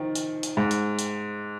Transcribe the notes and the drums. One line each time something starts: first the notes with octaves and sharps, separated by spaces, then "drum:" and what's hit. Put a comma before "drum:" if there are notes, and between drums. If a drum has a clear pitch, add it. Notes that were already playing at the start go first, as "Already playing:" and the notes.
Already playing: D#3 F3
drum: hi-hat
drum: hi-hat
G#2
drum: hi-hat
drum: hi-hat